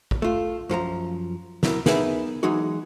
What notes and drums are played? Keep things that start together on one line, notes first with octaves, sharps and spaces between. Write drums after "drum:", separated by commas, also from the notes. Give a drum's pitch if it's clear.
drum: kick
A3 F4
F#2 F3 A4 A#5
F#3 E4 A#4, drum: snare
B3 D#4 G#4 A#4 B4 E5, drum: snare
E3 F#3 G#3 D#4 F#4